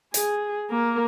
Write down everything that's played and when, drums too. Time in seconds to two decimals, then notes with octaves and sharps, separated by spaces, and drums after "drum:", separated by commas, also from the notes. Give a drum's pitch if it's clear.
0.14 G#4, drum: hi-hat
0.70 A#3 A#4